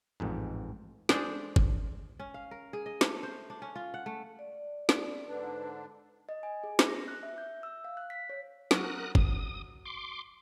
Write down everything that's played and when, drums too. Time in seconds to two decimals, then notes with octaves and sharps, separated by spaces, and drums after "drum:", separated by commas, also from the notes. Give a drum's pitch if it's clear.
0.20 A1 F2 G#2
1.09 G#3 D4 G#4 A4 C5, drum: snare
1.56 drum: kick
2.19 C#4
2.34 F5
2.51 A#4
2.73 G#4
2.86 D#5
3.01 A3, drum: snare
3.23 C5
3.50 D4
3.62 C#4
3.75 F4
3.94 F#5
4.06 A3
4.39 D5
4.89 drum: snare
5.28 G#2 D3 D4 B4
6.29 D#5
6.43 G#5
6.64 G#4
6.79 drum: snare
6.89 A#6
7.08 F#6
7.23 E5
7.38 G6
7.63 E6
7.85 F5
7.97 F#6
8.10 B6
8.30 C#5
8.71 F#3 A#4 D#6 F#6, drum: snare
9.15 D#6, drum: kick
9.86 C6 D6